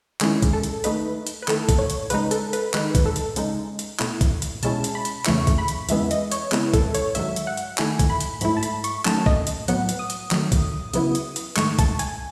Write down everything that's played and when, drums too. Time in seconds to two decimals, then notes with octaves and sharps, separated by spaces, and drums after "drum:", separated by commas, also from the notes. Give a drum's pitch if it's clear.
0.21 D#3 G#3 C#4 E4 G#4, drum: clap
0.42 drum: kick, hi-hat
0.53 A4
0.63 drum: hi-hat
0.84 D#3 A3 D#4 B4, drum: hi-hat
1.27 drum: hi-hat
1.42 B4
1.48 D#3 A3 E4 A4, drum: clap
1.69 drum: kick, hi-hat
1.79 C#5
1.90 drum: hi-hat
2.10 C#3 G#3 D#4 B4, drum: hi-hat
2.31 A4, drum: hi-hat
2.53 B4, drum: hi-hat
2.74 D#3 G#3 D#4 B4, drum: clap
2.95 drum: kick, hi-hat
3.06 A4
3.16 drum: hi-hat
3.36 C#3 G#3 D#4, drum: hi-hat
3.79 drum: hi-hat
3.99 B2 A3 E4, drum: clap
4.21 drum: kick, hi-hat
4.42 drum: hi-hat
4.63 B2 G#3 C#4 E4 A5, drum: hi-hat
4.84 drum: hi-hat
4.95 B5
5.05 drum: hi-hat
5.26 E2 C#3 E3 A3 E4 C#6, drum: clap
5.47 drum: kick, hi-hat
5.58 B5
5.68 drum: hi-hat
5.89 E2 C#3 E3 G#3 B3 E5, drum: hi-hat
6.11 D#5, drum: hi-hat
6.32 C#5, drum: hi-hat
6.52 C#3 G#3 B3 E4 B4, drum: clap
6.74 A4, drum: kick, hi-hat
6.95 C#5, drum: hi-hat
7.15 G#2 D#3 F#3 E5, drum: hi-hat
7.36 drum: hi-hat
7.47 F#5
7.57 drum: hi-hat
7.78 D#3 A3 E4 G#5, drum: clap
7.99 drum: kick, hi-hat
8.10 B5
8.21 drum: hi-hat
8.41 G#2 F#3 A3 E4 B5, drum: hi-hat
8.57 A5
8.63 B5, drum: hi-hat
8.84 C#6, drum: hi-hat
9.05 D#3 F#3 A3 C#4 A5, drum: clap
9.26 D#5, drum: kick
9.47 drum: hi-hat
9.68 A2 F#3 B3 F#5, drum: hi-hat
9.89 drum: hi-hat
9.99 D#6
10.10 drum: hi-hat
10.31 D#3 F#3 A3, drum: clap
10.52 drum: kick, hi-hat
10.94 C#3 F#3 B3 E4, drum: hi-hat
11.15 drum: hi-hat
11.36 drum: hi-hat
11.56 G#2 D#3 A3 C#6, drum: clap
11.79 A5, drum: kick, hi-hat
11.99 G#5, drum: hi-hat